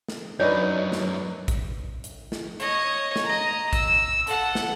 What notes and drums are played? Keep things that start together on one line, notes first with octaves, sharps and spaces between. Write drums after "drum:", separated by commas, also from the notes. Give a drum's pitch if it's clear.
drum: snare
F#2 D4 D#4 B4 C#5
drum: snare
drum: kick A1, hi-hat
drum: hi-hat
drum: snare
C#5 D#5, drum: hi-hat
drum: snare
D#5 A#5
E6, drum: kick A1, hi-hat
A4 F#5, drum: hi-hat
drum: snare